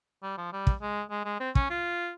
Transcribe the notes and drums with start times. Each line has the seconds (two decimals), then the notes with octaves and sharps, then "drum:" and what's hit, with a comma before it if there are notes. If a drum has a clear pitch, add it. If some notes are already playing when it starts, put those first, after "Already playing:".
0.23 G3
0.38 F3
0.53 G3
0.67 drum: kick
0.82 G#3
1.10 G#3
1.25 G#3
1.40 C4
1.55 C#4, drum: kick
1.70 F4